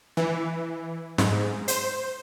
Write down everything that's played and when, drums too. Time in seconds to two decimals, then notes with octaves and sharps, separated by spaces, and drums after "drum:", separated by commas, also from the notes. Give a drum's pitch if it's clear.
0.17 E3
1.18 G#2, drum: snare
1.68 C5, drum: hi-hat